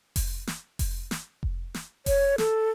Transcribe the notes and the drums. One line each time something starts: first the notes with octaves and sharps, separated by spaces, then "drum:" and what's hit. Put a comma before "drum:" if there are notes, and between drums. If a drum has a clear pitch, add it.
drum: kick F1, open hi-hat
drum: snare
drum: kick F1, open hi-hat
drum: snare
drum: kick F1
drum: snare
C#5, drum: kick F1, open hi-hat
A4, drum: snare